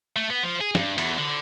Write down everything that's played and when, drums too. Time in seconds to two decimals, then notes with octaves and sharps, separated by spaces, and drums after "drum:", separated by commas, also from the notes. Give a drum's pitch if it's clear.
0.16 A3
0.30 B3
0.43 F3
0.61 G#4
0.75 G2, drum: snare
0.98 E2, drum: cymbal
1.18 D3